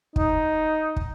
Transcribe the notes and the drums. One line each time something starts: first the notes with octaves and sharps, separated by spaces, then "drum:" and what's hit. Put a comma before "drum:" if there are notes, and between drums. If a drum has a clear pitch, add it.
D#4, drum: kick
drum: kick